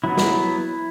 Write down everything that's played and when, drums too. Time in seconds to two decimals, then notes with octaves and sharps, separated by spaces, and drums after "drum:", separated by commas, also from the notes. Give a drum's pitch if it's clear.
0.04 F#3 B3 E4
0.18 drum: snare